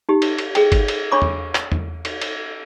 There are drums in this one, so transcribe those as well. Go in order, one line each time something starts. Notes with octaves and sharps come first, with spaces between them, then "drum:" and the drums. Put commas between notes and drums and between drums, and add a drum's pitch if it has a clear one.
D#4 G4
drum: cymbal
drum: cymbal
G#4 G5, drum: cymbal
drum: kick G1, cymbal
drum: cymbal
D4 C#5 B5 C#6 D6
drum: tom E2
drum: clap
drum: tom E2
drum: cymbal
drum: cymbal